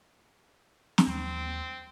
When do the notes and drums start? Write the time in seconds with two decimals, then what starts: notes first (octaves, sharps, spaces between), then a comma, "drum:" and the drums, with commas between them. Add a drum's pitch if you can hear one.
0.98 drum: snare
1.07 D#2 C4